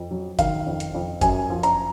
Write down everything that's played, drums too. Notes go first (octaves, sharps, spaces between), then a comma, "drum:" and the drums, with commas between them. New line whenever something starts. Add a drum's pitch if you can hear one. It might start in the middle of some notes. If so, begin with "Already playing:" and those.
Already playing: F2
F#3
D#3 F5, drum: kick, hi-hat
F2
drum: hi-hat
F2
F#2 G#5, drum: kick, hi-hat
F3
A#5, drum: hi-hat